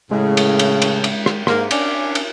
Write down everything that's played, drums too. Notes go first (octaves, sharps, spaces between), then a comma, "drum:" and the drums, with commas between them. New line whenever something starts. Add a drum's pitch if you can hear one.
A2 C#3 G#3
drum: cymbal
drum: cymbal
drum: cymbal
drum: cymbal
drum: rim click
G#2 A#3, drum: rim click
C#4 D4, drum: cymbal
drum: cymbal